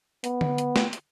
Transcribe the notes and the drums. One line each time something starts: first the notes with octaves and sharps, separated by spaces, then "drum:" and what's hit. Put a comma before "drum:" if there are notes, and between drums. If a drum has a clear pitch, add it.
B3, drum: hi-hat
drum: tom D3
drum: hi-hat
drum: snare
drum: hi-hat